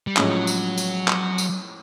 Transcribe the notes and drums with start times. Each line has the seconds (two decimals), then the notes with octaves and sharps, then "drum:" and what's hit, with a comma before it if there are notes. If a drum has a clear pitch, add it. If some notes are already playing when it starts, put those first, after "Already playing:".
0.07 G3
0.17 A2 F3 F#3 G#3 C#4 F4, drum: clap
0.47 drum: tambourine
0.78 drum: tambourine
1.08 drum: clap
1.38 drum: tambourine